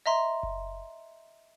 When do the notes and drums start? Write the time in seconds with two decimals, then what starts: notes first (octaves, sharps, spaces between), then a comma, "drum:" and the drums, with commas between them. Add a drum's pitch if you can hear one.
0.06 D#5 E5 A#5 C6
0.43 drum: kick F#1